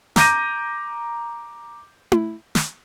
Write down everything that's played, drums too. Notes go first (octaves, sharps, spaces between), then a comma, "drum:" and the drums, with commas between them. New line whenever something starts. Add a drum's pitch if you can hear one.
A#5 D6 G6 A#6 D#7, drum: snare
drum: tom E4
drum: snare